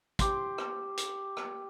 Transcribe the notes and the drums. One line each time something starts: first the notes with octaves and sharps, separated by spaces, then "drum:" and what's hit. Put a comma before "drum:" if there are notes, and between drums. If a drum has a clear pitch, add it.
G4 C6, drum: kick, hi-hat
drum: rim click
drum: hi-hat
drum: rim click